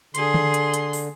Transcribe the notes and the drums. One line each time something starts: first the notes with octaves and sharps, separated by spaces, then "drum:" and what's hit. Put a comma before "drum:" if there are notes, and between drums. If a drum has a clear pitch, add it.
D3 G#4 C6, drum: hi-hat
drum: tom D3
drum: hi-hat
drum: hi-hat
drum: open hi-hat